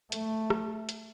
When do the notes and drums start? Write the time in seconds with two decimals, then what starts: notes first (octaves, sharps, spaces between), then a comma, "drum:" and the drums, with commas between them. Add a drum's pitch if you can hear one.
0.12 A3, drum: hi-hat
0.50 drum: rim click
0.89 drum: hi-hat